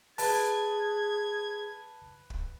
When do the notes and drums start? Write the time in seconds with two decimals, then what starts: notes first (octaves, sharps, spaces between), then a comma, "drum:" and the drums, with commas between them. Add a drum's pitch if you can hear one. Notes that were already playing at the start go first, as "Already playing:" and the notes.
0.18 G#4 B4 A5 G#6, drum: open hi-hat
2.30 drum: kick